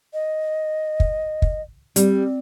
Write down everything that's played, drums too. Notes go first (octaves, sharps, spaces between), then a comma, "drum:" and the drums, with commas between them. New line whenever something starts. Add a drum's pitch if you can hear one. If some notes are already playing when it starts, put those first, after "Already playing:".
D#5
drum: kick
drum: kick
G3 C4, drum: hi-hat